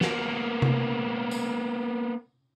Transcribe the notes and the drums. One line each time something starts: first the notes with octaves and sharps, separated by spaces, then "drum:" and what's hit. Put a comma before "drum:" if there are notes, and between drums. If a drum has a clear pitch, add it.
A#3 B3, drum: snare
drum: tom C3
drum: tambourine